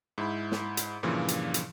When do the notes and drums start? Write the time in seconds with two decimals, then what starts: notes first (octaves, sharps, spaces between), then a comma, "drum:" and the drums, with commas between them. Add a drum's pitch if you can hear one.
0.18 G#2 E4 B5
0.52 drum: snare
0.77 drum: hi-hat
1.03 G2 A#2 C#3 E3 F3
1.28 drum: hi-hat
1.54 drum: hi-hat